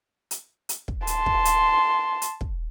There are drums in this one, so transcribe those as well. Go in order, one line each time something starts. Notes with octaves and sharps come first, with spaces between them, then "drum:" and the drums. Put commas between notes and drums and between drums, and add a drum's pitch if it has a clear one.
drum: hi-hat
drum: hi-hat
drum: kick
A5 C6, drum: hi-hat
drum: kick
drum: hi-hat
drum: hi-hat
drum: kick